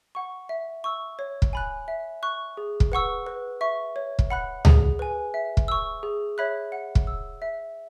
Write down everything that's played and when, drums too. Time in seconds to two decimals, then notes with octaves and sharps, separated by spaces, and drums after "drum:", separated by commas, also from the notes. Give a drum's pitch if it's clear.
0.15 F#5 C#6
0.49 E5
0.84 C#6 E6
1.19 C#5
1.42 drum: kick
1.53 G#5 B5 F#6
1.88 E5
2.23 C#6 F#6
2.57 G#4
2.80 drum: kick
2.92 B4 F#5 C#6 E6
3.27 B4
3.61 E5 C#6
3.96 C#5
4.19 drum: kick
4.30 F#5 B5 F#6
4.65 G#4, drum: tom C#2
4.99 B4 G#5
5.34 E5
5.57 drum: kick
5.68 C#6 E6
6.03 G#4
6.38 C#5 E5 B5 F#6
6.72 F#5
6.95 drum: kick
7.07 E6
7.42 E5